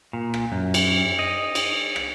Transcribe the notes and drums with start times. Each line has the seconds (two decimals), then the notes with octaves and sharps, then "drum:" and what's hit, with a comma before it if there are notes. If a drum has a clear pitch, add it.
0.13 A#2
0.34 drum: rim click
0.52 F#2
0.74 drum: cymbal
1.19 D#5
1.55 drum: cymbal
1.96 drum: rim click